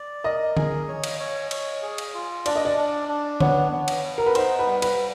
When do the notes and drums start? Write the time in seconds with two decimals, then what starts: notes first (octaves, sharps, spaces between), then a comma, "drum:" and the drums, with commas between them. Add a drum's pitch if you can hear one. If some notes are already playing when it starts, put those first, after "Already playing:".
Already playing: D5
0.24 A#4 D#5
0.57 G#4, drum: tom D3
0.88 C#5
1.04 drum: cymbal
1.20 C#5
1.51 C#5, drum: cymbal
1.82 G#4
1.98 drum: cymbal
2.14 F4
2.46 D4 D5, drum: cymbal
2.56 D#5
2.65 D5
2.77 D4
3.09 D4
3.40 B3 C#5, drum: tom D3
3.72 B3
3.88 drum: cymbal
4.04 B3
4.18 A#4
4.26 B4
4.35 D#4 C5, drum: cymbal
4.59 B4
4.67 G3
4.82 B4, drum: cymbal
4.99 G3